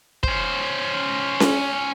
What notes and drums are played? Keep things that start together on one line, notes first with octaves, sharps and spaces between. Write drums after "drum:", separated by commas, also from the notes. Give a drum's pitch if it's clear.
C#4 C5, drum: kick
drum: snare C#4